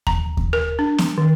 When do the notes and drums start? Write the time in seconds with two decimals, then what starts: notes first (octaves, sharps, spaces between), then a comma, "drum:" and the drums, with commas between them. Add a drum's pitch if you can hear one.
0.07 A#5, drum: kick D#2
0.37 drum: kick D#2
0.53 A#4
0.79 D4
0.98 drum: snare
1.18 D#3